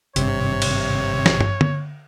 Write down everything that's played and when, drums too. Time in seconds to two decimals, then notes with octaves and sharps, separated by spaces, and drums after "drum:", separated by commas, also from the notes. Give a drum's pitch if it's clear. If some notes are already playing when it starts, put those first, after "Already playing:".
0.16 G#1 G2 C3 C#5, drum: hi-hat
0.62 drum: cymbal
1.26 drum: snare
1.41 drum: tom
1.61 drum: tom D3